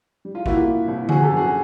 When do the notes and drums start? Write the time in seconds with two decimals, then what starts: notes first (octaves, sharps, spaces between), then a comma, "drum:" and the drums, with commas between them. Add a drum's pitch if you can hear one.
0.25 G3
0.35 F4
0.46 A#3 E4 F#4, drum: kick
0.56 F4 G4
0.68 A#2
0.88 C2
1.09 F3 F#4 G#4, drum: tom D3
1.23 G4 A4
1.30 F#2
1.37 F#4 G#4